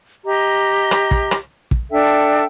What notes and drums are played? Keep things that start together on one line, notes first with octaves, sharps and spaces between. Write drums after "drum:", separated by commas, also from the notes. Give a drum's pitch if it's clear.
G4 D#5 A#5
drum: rim click
drum: kick
drum: rim click
drum: kick
D4 A4 E5 G5